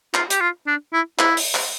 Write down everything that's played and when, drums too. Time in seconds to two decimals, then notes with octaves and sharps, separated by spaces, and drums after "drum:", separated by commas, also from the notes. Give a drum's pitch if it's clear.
0.14 F4, drum: clap
0.30 G4, drum: hi-hat
0.41 F4
0.67 D4
0.93 E4
1.19 E4, drum: clap
1.37 drum: open hi-hat
1.55 drum: clap